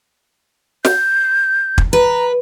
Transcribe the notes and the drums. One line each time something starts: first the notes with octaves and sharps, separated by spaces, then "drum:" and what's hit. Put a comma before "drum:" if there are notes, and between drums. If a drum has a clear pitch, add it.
G6, drum: snare
drum: kick
B4 A#5